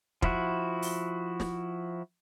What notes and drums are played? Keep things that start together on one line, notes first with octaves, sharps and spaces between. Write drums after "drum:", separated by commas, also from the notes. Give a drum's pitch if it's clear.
F3 E4 F#4, drum: kick
drum: open hi-hat
drum: snare